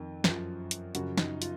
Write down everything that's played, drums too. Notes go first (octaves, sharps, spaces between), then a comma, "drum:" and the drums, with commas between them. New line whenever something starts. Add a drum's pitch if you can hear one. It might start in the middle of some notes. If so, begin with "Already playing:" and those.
Already playing: F2 D#3
F#2 F3, drum: snare
drum: hi-hat
F#2 C#3 F3 F#4, drum: hi-hat
D#4, drum: snare
F4, drum: hi-hat